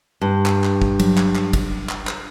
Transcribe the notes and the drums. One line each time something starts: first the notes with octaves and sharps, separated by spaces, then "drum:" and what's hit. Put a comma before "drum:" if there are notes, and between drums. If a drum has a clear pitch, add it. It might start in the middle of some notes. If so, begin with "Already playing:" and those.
G2
drum: clap
drum: clap
drum: kick
F#3, drum: cymbal
drum: clap
drum: clap
drum: kick, cymbal
drum: clap
drum: clap